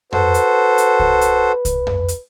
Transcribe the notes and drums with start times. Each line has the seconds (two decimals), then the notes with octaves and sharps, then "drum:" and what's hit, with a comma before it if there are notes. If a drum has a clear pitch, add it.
0.12 F#4 A4 B4 C5, drum: tom F2
0.34 drum: hi-hat
0.78 drum: hi-hat
1.00 drum: kick C2
1.21 drum: hi-hat
1.65 drum: kick C2, hi-hat
1.87 drum: tom F2
2.08 drum: hi-hat